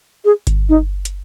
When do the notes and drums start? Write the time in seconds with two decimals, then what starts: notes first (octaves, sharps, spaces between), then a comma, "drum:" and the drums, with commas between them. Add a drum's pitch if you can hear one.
0.25 G#4
0.47 drum: kick G1, hi-hat
0.69 D#4
1.05 drum: hi-hat